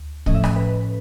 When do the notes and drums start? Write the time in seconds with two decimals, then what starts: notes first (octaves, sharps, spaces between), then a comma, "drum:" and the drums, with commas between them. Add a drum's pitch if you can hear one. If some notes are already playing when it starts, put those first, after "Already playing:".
Already playing: D2
0.26 A2 F3 A3 C#4 D#5, drum: kick
0.35 E5
0.44 D#5, drum: rim click
0.56 B4